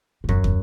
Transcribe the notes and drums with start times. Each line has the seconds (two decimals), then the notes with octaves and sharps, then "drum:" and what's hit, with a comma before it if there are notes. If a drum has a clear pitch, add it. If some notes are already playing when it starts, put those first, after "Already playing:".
0.24 G#2
0.29 F#2, drum: kick
0.44 drum: kick